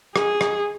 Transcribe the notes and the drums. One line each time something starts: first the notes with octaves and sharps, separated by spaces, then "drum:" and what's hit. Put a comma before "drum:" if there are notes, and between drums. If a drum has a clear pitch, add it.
G#4, drum: rim click
drum: rim click